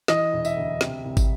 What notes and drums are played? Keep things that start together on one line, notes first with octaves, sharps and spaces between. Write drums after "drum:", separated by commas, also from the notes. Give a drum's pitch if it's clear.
E3 D#5, drum: snare
E1
E5, drum: tambourine
D2
C3, drum: snare
C2
drum: kick, tambourine